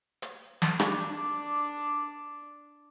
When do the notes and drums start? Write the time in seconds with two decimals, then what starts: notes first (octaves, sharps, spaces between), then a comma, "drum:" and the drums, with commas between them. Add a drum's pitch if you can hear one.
0.22 drum: hi-hat
0.62 drum: snare
0.80 D4 D5, drum: rim click